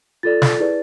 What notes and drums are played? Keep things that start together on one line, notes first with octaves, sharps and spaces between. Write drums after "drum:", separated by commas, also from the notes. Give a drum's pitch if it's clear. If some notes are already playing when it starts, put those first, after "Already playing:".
F4 A4 D5 A6
drum: snare
E4 G#4 B4 D5